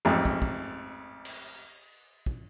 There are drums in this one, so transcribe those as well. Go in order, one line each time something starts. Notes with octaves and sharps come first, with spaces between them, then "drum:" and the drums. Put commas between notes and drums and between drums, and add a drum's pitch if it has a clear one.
A1 F2 G#2
drum: kick
drum: kick
drum: cymbal
drum: kick